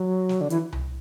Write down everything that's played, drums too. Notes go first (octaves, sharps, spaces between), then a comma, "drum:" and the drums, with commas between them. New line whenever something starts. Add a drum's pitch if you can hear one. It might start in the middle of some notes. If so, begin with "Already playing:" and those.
Already playing: F#3
drum: snare
D3
E3, drum: hi-hat
drum: tom C2